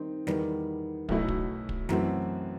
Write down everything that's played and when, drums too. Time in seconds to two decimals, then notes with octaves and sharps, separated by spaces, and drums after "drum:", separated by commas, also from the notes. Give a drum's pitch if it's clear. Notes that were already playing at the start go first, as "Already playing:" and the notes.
Already playing: D#3 G3 C4 D#4
0.27 E2 D#3 G3 B3, drum: snare
1.09 B1 B2 F#3 A3 E4, drum: kick
1.28 drum: kick
1.69 drum: kick
1.89 F#2 E3 A3 C4 F#4, drum: snare